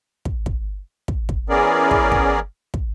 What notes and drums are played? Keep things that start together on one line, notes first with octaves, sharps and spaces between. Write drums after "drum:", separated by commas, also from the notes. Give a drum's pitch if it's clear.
drum: kick
drum: kick
drum: kick
drum: kick
E3 B3 C#4 G#4 A#4 D5
drum: kick
drum: kick
drum: kick